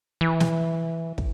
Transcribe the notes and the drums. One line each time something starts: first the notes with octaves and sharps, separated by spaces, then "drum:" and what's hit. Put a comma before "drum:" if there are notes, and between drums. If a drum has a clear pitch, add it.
E3
drum: snare
drum: kick